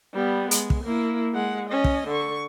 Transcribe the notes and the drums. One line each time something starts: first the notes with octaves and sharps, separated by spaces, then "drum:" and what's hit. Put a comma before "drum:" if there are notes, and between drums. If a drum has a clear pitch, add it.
G3 B3
G#3, drum: hi-hat
drum: kick
A#3 E4
G#3 F#5
C#4 D#5
drum: kick
D3 C#6